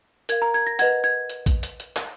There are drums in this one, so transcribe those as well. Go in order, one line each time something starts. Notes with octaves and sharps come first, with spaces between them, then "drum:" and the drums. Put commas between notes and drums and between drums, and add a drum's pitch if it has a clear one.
A#4 F5 G#6, drum: hi-hat
A#5
G#6
A#6
B4 D#5 F#5 G#6, drum: hi-hat
G#6
drum: hi-hat
drum: kick A#1, hi-hat
drum: hi-hat
drum: hi-hat
drum: clap